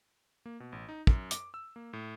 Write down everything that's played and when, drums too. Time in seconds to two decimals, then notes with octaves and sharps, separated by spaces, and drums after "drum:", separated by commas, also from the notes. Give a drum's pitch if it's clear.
0.46 A#3
0.60 B2
0.72 A1
0.89 D#4
1.07 F#2, drum: kick
1.31 D6, drum: hi-hat
1.54 E6
1.76 A#3
1.93 A2